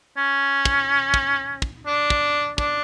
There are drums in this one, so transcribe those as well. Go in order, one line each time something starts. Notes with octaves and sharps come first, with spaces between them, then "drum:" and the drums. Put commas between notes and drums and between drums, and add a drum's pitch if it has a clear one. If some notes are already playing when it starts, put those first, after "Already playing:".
C#4
drum: kick
drum: kick
drum: kick
D4
drum: kick
D4, drum: kick